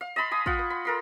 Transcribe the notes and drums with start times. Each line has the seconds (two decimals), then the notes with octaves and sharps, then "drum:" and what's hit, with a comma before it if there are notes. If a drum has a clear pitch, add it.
0.01 F5
0.16 D#5 A5 B5 C6
0.31 G#5 B5 D#6
0.46 F4 F#5, drum: kick
0.59 drum: rim click
0.70 B5
0.85 A4 A#4 C6